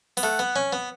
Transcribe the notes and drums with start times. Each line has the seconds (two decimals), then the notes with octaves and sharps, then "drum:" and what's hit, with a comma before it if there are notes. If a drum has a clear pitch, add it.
0.17 B3, drum: open hi-hat
0.23 A3 F#5
0.39 B3
0.56 C#4
0.73 B3